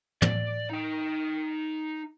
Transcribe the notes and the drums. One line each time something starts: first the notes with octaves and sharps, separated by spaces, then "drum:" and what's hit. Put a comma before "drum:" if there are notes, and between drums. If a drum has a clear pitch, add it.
D5, drum: tom
D#4 G5